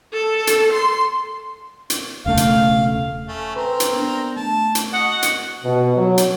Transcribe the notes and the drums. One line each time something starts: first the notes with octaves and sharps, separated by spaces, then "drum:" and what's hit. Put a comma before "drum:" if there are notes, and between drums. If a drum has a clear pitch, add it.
A4
drum: hi-hat
C6
drum: hi-hat
E1 C#3 A3 F5
drum: hi-hat
A3 C#4
C4 A#4 B4
drum: hi-hat
B3 D4
A3 A5
drum: hi-hat
F#4 D#5 F#5
drum: hi-hat
B2
F#3
drum: hi-hat